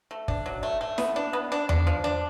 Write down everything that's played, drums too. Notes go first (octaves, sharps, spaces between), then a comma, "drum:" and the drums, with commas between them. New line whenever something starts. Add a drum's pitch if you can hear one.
A3
D4, drum: kick
F#3
A3
A3
B3, drum: snare E4
D4
B3
D4
D4, drum: tom E2
F3
D4